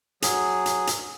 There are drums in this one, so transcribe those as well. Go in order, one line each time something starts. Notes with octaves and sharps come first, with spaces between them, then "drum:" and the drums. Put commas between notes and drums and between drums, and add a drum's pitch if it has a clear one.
F#3 G#4, drum: hi-hat
drum: hi-hat
drum: hi-hat